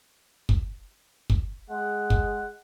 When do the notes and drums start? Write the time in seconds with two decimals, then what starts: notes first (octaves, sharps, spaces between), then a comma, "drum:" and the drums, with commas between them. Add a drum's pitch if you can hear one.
0.49 drum: kick
1.30 drum: kick
1.70 G#3 F#5
2.10 drum: kick